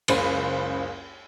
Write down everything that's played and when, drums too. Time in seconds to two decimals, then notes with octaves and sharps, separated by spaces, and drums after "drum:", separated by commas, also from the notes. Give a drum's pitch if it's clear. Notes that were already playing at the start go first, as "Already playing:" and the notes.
0.08 F#1 C#2 C5 B5, drum: cymbal